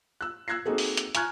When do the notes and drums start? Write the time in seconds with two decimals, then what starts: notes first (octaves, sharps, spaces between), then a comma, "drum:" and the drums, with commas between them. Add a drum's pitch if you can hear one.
0.21 E6 F#6
0.48 E6 F#6 G#6 A#6 C7
0.66 A#3 C4 D#4 F#4 G#4 A4
0.78 drum: open hi-hat
0.97 drum: hi-hat
1.15 G#5 A#5 C#6 F6 F#6 G#6, drum: hi-hat